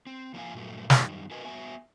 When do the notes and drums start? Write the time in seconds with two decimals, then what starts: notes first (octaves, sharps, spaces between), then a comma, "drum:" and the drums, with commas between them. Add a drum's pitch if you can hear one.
0.07 C4
0.34 F3 A#3 E4 F4 F5 G#5
0.54 G2 A#2 F#3 A3
0.90 F#2 D#3 G3, drum: snare
1.31 F#4 A#4 B4 D#5 G#5
1.43 B3 F#4 E5 G#5